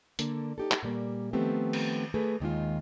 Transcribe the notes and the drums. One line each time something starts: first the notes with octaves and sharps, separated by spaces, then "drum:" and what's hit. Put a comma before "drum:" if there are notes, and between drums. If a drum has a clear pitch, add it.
D3 A#3 A4, drum: hi-hat
D#4 G4 A4
drum: clap
A#2 G3 A#3
D#3 F3 A3 B3 C4 G4
drum: cymbal
A3 G#4 B4
D#2 D#3 G#3 F4